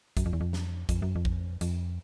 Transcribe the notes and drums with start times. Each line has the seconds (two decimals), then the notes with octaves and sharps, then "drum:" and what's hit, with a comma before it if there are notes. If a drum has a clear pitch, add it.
0.17 F#2, drum: kick A#1, hi-hat
0.26 F2
0.33 E2
0.41 F2
0.53 drum: snare
0.89 F2, drum: kick A#1, hi-hat
1.02 F#2
1.16 F2
1.25 drum: kick A#1
1.61 F2, drum: hi-hat